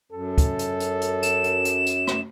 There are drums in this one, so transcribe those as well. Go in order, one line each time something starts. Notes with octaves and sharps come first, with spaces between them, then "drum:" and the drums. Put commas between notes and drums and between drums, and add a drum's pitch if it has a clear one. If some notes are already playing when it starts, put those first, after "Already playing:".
F#2 A4
drum: kick, hi-hat
drum: hi-hat
drum: hi-hat
drum: hi-hat
E7, drum: hi-hat
drum: hi-hat
drum: hi-hat
drum: hi-hat
drum: rim click